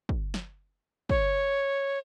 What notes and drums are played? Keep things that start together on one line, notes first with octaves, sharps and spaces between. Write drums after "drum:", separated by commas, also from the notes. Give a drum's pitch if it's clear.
drum: kick
drum: snare
C#5, drum: kick